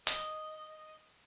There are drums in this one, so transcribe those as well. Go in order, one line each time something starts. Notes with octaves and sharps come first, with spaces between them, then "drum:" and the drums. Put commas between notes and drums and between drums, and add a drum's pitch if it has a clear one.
D#5, drum: hi-hat